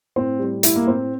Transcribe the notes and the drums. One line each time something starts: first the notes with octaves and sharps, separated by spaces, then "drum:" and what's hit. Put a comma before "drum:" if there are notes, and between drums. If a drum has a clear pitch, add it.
A2 C4
G3
A2 E4, drum: hi-hat
A#3
A2 C4